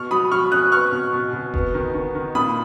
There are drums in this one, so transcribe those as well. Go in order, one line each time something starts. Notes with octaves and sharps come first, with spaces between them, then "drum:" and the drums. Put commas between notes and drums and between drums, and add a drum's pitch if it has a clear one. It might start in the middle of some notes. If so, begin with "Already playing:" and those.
Already playing: B2 C#6 F6
F#3 B5 D#6
F#3 C#6 F6
C#4 D#6 F#6
B3 C#6 F6
B2
B2
B2
B3, drum: kick E1
D#3
D#3
D#3
A#2 B5 D#6